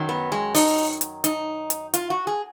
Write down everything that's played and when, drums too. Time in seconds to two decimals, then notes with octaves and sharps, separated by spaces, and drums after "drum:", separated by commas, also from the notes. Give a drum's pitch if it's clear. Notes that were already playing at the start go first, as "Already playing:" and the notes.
Already playing: F#2 D#3 F#3
0.09 B3
0.32 G#3
0.55 D#4, drum: open hi-hat
1.01 drum: hi-hat
1.24 D#4, drum: hi-hat
1.70 drum: hi-hat
1.94 F4, drum: hi-hat
2.10 F#4
2.27 G#4